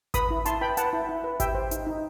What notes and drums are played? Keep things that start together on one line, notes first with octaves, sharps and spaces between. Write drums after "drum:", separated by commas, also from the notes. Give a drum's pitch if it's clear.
B4 B5 D#6, drum: kick G#1, hi-hat
E4
E4 A5 C6, drum: hi-hat
B4 G5 B5
B4 F#5 A5, drum: hi-hat
E4
E4
B4
G4 E5 G5, drum: kick G#1, hi-hat
C5
D#4, drum: hi-hat
D#4